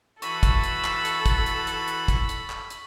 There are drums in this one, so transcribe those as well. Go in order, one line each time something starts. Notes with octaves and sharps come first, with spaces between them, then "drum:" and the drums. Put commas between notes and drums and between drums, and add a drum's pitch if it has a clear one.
E3 F#4 A4 B5 C#6 E6, drum: hi-hat
drum: kick, hi-hat
drum: hi-hat
drum: clap
drum: hi-hat
drum: kick, hi-hat
drum: hi-hat
drum: hi-hat
drum: hi-hat
drum: kick, hi-hat
drum: hi-hat
drum: clap
drum: hi-hat